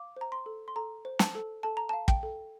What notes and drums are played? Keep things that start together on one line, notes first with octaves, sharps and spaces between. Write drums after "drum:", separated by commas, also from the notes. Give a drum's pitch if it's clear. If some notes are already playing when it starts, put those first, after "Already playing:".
Already playing: F5 D6
C5 A#5
C6
A4
C6
A4 A#5
C5
A5, drum: snare
A4
A4 A5
A#5
F5 A5
G5, drum: kick
A4